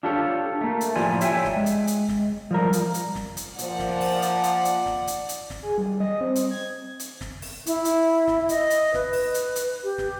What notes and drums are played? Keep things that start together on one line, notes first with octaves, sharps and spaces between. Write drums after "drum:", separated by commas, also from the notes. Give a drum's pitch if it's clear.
D4 F4 G4 A4 C#5
A3 A#3
drum: hi-hat
A2 F3 F4 G4 D5 G#5
C#5 E5 F5 G5 G#5, drum: hi-hat
drum: snare
G#3
drum: hi-hat
drum: hi-hat
drum: snare
F3 G3 A#4
drum: hi-hat
drum: hi-hat
drum: snare
drum: hi-hat
A#2 F3 D5 F#5, drum: hi-hat
drum: snare
drum: open hi-hat
drum: hi-hat
drum: hi-hat
drum: hi-hat
drum: snare
drum: hi-hat
drum: hi-hat
drum: snare
G#4
G3
D#5
C4
drum: hi-hat
G#6
drum: hi-hat
drum: snare
drum: open hi-hat
E4, drum: hi-hat
drum: hi-hat
drum: snare
D#5, drum: hi-hat
drum: hi-hat
B4, drum: snare
drum: open hi-hat
drum: hi-hat
drum: hi-hat
G4
drum: snare